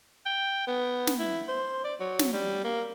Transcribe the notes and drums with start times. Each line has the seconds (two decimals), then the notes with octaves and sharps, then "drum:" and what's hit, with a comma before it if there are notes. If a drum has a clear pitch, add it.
0.26 G5
0.67 B3
1.07 drum: snare
1.19 E4
1.48 C5
1.84 D5
2.00 F#3
2.19 drum: snare
2.33 G3
2.64 A#3